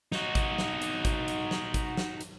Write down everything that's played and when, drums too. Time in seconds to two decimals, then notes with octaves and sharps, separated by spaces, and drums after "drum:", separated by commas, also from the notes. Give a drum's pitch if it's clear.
0.12 D#4 F#4, drum: snare
0.35 drum: kick G#1, hi-hat
0.58 drum: snare
0.82 drum: hi-hat
1.05 drum: kick G#1, hi-hat
1.28 drum: hi-hat
1.51 drum: snare
1.74 drum: kick G#1, hi-hat
1.97 drum: snare
2.21 drum: hi-hat